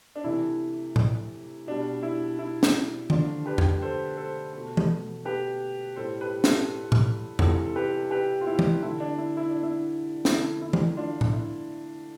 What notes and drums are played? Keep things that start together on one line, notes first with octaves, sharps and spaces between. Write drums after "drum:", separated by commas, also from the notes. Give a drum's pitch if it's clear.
D4
C3 E3 A3 E4
drum: tom A2
B2 G3 D4
E4
E4
drum: snare
D3 F3 A3 D4 F4, drum: tom
G4 B4
drum: tom F2
A4 C5
A4 C5
B2 A3
drum: tom
G4 B4
A2 G3 A4 C5
G4 B4
F4 A4, drum: snare
drum: tom A2
C3 E3 G3 F4 A4, drum: tom F2
A4
G4 B4
G4 B4
F4
E4
drum: tom
D3 A3 E4
D4
E4
E4
D4
E4
D3 F3 A3 E4, drum: snare
E4
drum: tom
D4 F4
drum: tom A2
E4